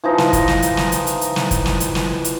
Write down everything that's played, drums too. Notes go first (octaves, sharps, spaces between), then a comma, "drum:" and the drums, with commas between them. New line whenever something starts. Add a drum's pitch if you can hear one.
E3 F3 D#4
drum: snare
drum: kick, hi-hat
drum: snare
drum: hi-hat
drum: snare
drum: hi-hat
drum: hi-hat
drum: hi-hat
drum: snare
drum: kick, hi-hat
drum: snare
drum: hi-hat
drum: snare
drum: hi-hat